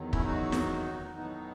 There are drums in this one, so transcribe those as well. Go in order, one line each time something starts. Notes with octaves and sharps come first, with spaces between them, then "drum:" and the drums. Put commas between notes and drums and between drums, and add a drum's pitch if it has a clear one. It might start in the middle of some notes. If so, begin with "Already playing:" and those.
Already playing: E2 D#3 F#3
C#4 E4, drum: kick
D#4 F#4
drum: snare
A2 F#3 B3 D#4